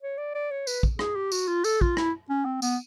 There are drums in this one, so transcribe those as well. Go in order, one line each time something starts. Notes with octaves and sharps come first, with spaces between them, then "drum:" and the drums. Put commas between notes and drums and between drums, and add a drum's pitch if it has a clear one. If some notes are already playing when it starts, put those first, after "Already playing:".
C#5
D5
D5
C#5
B4, drum: tambourine
drum: kick
G#4, drum: rim click
G4
F#4, drum: tambourine
F4
A4, drum: tambourine
F4, drum: kick
E4, drum: rim click
C#4
C4
B3, drum: tambourine